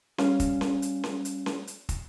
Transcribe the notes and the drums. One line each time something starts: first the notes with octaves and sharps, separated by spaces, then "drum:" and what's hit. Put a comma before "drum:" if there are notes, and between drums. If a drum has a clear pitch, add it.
G3 C#4 F5, drum: snare C#4
drum: kick, hi-hat
drum: snare C#4
drum: hi-hat
drum: snare C#4
drum: hi-hat
drum: snare C#4
drum: hi-hat
drum: kick, hi-hat